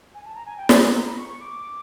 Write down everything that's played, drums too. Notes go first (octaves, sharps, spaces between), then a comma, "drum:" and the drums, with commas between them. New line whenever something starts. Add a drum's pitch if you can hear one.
G#5
A5
A#5
G#5
G5
G#5, drum: snare
A#5
B5
C#6
C#6
D6